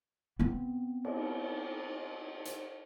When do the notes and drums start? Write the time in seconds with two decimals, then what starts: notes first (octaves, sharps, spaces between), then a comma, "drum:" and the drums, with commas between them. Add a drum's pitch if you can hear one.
0.39 B3 C4
1.05 drum: cymbal
2.45 drum: hi-hat